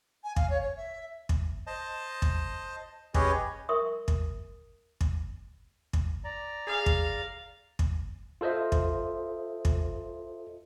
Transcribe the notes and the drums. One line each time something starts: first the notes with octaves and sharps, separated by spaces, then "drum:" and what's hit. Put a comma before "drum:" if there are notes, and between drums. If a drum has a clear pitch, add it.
G#5
F5, drum: kick
C#5
C#5
E5
drum: kick
C5 D#5 A5
drum: kick
C#4 G4 G#4 B4 C#5 D#5, drum: kick
A#4 E5 C6 C#6 D#6
drum: kick
drum: kick
drum: kick
D5 A#5
G#4 F5
drum: kick
drum: kick
F4 A4 C5 D#5 E5
drum: kick
drum: kick